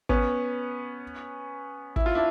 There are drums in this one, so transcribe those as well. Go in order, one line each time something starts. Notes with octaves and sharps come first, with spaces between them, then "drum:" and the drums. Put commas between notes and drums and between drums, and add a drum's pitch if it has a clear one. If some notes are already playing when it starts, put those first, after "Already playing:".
B3 C#4, drum: kick
E4, drum: kick
F4
D4 E4